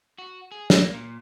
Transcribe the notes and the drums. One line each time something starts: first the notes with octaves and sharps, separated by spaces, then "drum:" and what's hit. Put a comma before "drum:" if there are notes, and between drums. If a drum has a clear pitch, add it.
F#4
G#4
A#3, drum: snare
A#2